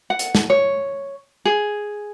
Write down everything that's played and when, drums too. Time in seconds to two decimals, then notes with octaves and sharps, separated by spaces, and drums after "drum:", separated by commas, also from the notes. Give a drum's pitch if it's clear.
0.10 F#5
0.19 drum: hi-hat
0.35 drum: snare
0.50 C#5
1.45 G#4